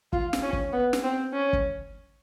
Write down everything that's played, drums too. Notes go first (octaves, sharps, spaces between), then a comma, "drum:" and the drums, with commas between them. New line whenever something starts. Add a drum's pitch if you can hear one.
F4, drum: kick
drum: snare
C#4
drum: kick
B3
drum: snare
C4
C#4
drum: kick